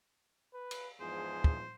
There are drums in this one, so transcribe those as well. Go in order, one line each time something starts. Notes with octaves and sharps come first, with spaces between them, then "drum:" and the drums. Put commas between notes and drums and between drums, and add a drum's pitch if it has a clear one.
B4
drum: cymbal
E2 G#2 F3 G#4 C5
drum: kick